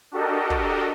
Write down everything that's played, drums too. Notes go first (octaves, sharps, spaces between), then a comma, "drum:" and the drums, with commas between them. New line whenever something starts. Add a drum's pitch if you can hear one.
D4 F#4 G4 A4 A#4 D#5
drum: kick